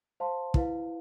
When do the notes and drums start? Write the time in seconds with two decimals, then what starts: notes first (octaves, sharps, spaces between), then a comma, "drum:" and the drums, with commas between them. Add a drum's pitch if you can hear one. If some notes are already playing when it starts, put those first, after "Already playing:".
0.20 C5 F5 A5 C6
0.54 E4 B4 F5, drum: kick